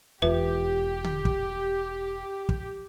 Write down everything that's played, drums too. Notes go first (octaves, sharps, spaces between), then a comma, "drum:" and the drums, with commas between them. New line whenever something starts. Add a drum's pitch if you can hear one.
E1 E2 F4 G4 B4 E5
drum: tom D3
drum: kick
drum: kick